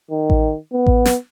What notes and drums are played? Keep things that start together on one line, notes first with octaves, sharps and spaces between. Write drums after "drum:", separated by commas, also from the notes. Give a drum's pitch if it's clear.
D#3
drum: kick A1
B3
drum: kick A1
drum: snare